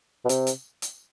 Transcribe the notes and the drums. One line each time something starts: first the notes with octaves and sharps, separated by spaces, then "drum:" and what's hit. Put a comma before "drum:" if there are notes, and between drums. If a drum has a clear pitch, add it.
B2
C3, drum: hi-hat
drum: hi-hat
drum: hi-hat